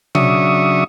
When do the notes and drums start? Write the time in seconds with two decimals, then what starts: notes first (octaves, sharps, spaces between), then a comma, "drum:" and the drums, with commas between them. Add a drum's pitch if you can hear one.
0.15 C#3 F#3 D4 E5 C#6 D#6, drum: tom B2